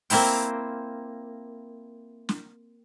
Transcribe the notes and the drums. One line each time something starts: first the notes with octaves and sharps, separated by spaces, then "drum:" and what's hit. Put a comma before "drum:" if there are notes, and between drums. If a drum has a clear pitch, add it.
A#3 C4 E4 C5 G5, drum: open hi-hat
drum: snare